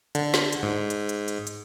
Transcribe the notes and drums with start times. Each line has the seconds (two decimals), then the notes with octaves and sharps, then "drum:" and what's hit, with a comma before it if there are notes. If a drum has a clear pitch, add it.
0.15 D3, drum: hi-hat
0.34 drum: snare
0.53 drum: hi-hat
0.63 G#2
0.90 drum: hi-hat
1.09 drum: hi-hat
1.28 drum: hi-hat
1.47 drum: hi-hat